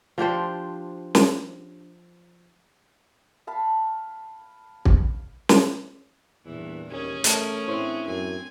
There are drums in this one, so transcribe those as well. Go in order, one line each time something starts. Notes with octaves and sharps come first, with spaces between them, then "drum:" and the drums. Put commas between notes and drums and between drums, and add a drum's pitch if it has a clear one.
F3 D4 G4 C5
drum: snare
F5 A5 B5
drum: kick
drum: snare
E2 G2 A#2 E3
D#2 C#4 G#4
A3 A#4 C#5 A5, drum: hi-hat
A2 C4 D4 E4 C5 C#5
F#2 C4 G#5